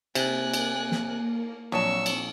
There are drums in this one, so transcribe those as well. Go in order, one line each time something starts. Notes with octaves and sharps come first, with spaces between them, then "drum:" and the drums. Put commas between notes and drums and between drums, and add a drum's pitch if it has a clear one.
C3 A#3 G#5 F#6, drum: cymbal
drum: cymbal
drum: snare
A#1 F#3 C4 D5 A5 C#6 E6
drum: cymbal